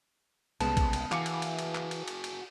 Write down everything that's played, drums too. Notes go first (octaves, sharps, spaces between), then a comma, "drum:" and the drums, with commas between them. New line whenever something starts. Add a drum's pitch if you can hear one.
C2 C#3 G#3 B3 A5, drum: cymbal
drum: kick, cymbal
drum: cymbal
E3 F#4 G#4 F5 D6 C#7, drum: clap
drum: cymbal
drum: cymbal
drum: cymbal
drum: clap
drum: cymbal
drum: cymbal
drum: cymbal